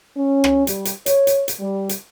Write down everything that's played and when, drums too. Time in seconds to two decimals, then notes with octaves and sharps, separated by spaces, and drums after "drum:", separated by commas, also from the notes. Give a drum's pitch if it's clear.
0.17 C#4
0.44 drum: rim click
0.67 G3, drum: hi-hat
0.85 drum: hi-hat
1.06 C#5, drum: hi-hat
1.27 drum: hi-hat
1.48 drum: hi-hat
1.60 G3
1.89 drum: hi-hat